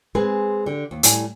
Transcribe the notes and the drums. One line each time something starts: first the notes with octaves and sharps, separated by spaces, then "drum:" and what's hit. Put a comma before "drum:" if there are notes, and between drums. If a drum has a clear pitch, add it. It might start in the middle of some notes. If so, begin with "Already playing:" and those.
G#3 C4 G#4 B4
D3 G4
D#2
A2 G3 G#5, drum: hi-hat